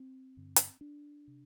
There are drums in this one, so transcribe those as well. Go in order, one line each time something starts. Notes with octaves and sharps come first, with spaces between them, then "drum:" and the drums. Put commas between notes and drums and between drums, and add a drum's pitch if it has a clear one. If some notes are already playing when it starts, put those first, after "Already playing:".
Already playing: C4
G2 D3
drum: hi-hat
D4
C3